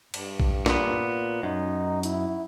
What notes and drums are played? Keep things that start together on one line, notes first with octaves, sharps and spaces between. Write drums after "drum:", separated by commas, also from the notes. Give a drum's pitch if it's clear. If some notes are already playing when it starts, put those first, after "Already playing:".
G2, drum: cymbal
drum: kick A#1
A#2 B3, drum: snare
F#2 D#4
E4, drum: hi-hat